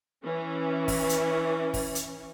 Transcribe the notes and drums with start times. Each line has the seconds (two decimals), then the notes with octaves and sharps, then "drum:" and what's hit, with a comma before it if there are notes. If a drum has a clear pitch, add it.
0.24 E3 C#4
0.88 drum: kick, open hi-hat
1.09 drum: hi-hat
1.74 drum: kick, open hi-hat
1.95 drum: hi-hat